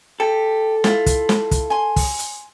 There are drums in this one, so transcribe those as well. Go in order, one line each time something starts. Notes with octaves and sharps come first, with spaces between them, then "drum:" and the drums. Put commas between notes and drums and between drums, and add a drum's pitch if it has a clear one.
G4 A4
E4 F4, drum: snare
drum: kick, hi-hat
drum: snare
drum: kick, hi-hat
G#5 C6
drum: kick, open hi-hat
drum: hi-hat